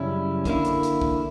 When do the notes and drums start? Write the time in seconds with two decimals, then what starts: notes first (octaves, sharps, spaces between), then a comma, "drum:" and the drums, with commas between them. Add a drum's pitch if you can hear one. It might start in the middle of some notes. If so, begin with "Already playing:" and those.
Already playing: F#2 C#3 G3 C#4 E4
0.45 D3 A#3 E4, drum: kick, hi-hat
0.64 drum: hi-hat
0.83 drum: hi-hat
1.02 drum: kick